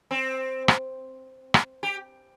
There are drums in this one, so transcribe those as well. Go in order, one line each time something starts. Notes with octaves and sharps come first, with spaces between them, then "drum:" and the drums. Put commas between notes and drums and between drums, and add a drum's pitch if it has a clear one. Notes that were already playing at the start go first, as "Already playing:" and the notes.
C4
drum: rim click
drum: rim click
G4